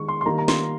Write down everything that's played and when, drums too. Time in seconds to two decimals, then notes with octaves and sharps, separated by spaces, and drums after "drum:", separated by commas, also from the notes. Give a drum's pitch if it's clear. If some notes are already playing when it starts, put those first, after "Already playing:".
Already playing: D#3 G#3 C#6
0.08 C6
0.21 C6
0.26 D#3 G3 A#3 A#5
0.38 A#5
0.48 C6, drum: snare